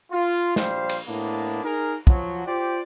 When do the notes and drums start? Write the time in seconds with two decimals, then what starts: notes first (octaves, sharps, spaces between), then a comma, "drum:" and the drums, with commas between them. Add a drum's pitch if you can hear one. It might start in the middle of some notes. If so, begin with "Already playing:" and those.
0.12 F4
0.56 A#1 G3 C5 F5, drum: snare
0.89 drum: cymbal
1.07 A2 A#3 B3 D4
1.63 D#4 G#4 A#4
2.07 F3 F#3, drum: kick
2.46 F4 G4 C5 D5